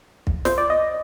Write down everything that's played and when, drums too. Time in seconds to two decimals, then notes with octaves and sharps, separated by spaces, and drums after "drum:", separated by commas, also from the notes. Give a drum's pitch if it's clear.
0.27 drum: kick
0.45 C5, drum: snare
0.58 D5
0.70 D#5